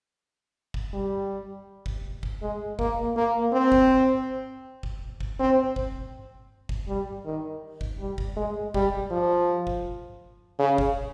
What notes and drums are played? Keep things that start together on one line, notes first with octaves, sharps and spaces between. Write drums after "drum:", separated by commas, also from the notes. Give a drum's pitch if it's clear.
drum: kick
G3
drum: kick
drum: kick
G#3
A#3, drum: kick
A#3
C4
drum: kick
drum: kick
drum: kick
C4
drum: kick
drum: kick
G3
D#3
drum: kick
G3
drum: kick
G#3
G3, drum: kick
F3
drum: kick
C#3
drum: kick